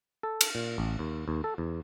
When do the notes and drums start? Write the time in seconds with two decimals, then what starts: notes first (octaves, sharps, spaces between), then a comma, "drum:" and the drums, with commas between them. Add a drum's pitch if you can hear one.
0.23 A4
0.41 drum: cymbal
0.55 A#2
0.78 A1
0.99 D#2
1.28 D#2
1.44 A4
1.58 E2